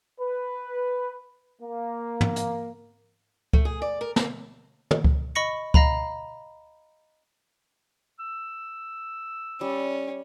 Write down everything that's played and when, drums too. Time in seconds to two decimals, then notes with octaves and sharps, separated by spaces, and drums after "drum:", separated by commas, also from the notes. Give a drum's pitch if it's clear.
0.19 B4
1.61 A#3
2.21 drum: tom
2.36 drum: hi-hat
3.53 A3, drum: kick C#2
3.65 G#4
3.82 D5
4.01 A#4
4.16 A#3, drum: snare
4.91 drum: tom
5.04 drum: kick C#2
5.35 D#5 B5 C#6 A#6 C#7
5.74 D#5 F5 A#5 B5, drum: kick C#2
8.19 E6
9.61 G3 C#4